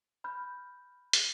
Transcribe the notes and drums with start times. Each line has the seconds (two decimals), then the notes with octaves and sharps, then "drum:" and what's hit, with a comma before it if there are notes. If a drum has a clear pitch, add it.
0.24 B5 F6 G6
1.13 drum: hi-hat